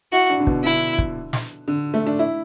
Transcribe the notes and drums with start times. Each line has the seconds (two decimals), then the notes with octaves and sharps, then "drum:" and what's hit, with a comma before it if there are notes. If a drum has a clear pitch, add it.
0.12 E4 F#4
0.30 D4
0.40 D3
0.47 B2, drum: kick
0.63 D3 E4
0.98 drum: kick
1.33 drum: snare
1.68 D3
1.94 A3
2.07 D4
2.19 E4